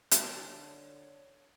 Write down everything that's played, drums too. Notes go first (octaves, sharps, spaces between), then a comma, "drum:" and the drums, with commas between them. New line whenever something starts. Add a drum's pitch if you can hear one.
D3 A4 C#5 A5, drum: hi-hat